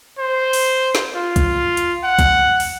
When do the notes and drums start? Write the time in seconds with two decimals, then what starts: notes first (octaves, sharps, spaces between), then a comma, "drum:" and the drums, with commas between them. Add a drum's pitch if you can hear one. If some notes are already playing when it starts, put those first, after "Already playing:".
0.19 C5
0.53 drum: open hi-hat
0.95 drum: snare
1.15 F4
1.36 drum: kick B1, hi-hat
1.77 drum: hi-hat
2.04 F#5
2.19 drum: kick B1, hi-hat
2.60 drum: open hi-hat